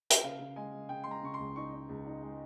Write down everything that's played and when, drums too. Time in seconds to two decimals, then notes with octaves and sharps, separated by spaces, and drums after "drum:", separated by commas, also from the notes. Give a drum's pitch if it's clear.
0.10 G5, drum: hi-hat
0.23 C#3 F5
0.39 C#3
0.56 G#3 G#5
0.72 G#3
0.89 C#3 G5
1.04 G#3 C6
1.11 A#5
1.23 C#3 C#6
1.34 C#2 C6
1.56 D#4 C#6
1.73 D#4
1.89 C#2
2.07 D#4
2.23 G#3